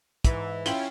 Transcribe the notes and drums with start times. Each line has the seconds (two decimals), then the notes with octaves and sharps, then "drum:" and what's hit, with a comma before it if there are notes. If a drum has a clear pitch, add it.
0.25 G#2 E3, drum: kick, hi-hat
0.66 C#4 E4 F4 G5 F#7 G7, drum: hi-hat